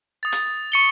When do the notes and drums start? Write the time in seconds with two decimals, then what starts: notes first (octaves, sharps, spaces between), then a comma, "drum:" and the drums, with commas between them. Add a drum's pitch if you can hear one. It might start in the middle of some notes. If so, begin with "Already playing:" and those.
0.23 D#6 A6
0.32 drum: hi-hat
0.72 C#6 C#7 G7